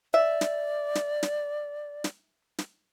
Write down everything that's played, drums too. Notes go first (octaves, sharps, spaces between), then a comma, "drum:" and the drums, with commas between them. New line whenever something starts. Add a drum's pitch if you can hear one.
D5 E5
drum: snare
drum: snare
drum: snare
drum: snare
drum: snare